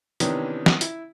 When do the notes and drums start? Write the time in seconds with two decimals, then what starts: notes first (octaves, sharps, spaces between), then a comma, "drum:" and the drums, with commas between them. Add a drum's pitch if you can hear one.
0.20 C3 D#3 E3 B3 C#4 D4, drum: hi-hat
0.66 drum: snare
0.81 E4, drum: hi-hat